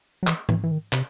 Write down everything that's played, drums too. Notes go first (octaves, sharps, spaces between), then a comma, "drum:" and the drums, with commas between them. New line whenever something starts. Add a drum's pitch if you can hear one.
F#3
E3, drum: clap
E3, drum: tom G#2
E3
D#3
C3, drum: clap